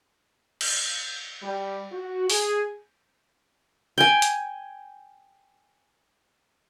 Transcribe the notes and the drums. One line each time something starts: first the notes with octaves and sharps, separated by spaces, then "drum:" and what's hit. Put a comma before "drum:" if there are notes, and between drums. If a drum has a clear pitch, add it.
drum: cymbal
G3
F#4
G#4, drum: open hi-hat
G5 G#5
drum: hi-hat